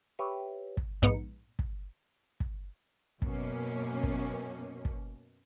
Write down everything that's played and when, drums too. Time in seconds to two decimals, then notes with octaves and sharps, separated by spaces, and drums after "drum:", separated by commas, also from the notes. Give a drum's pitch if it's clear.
0.19 G4 B4 C#5 E5
0.77 drum: kick
1.02 A#1 G#2 B3 D#4 C#7
1.59 drum: kick
2.40 drum: kick
3.22 F#2 B2 A#3 C#4, drum: kick
4.03 drum: kick
4.85 drum: kick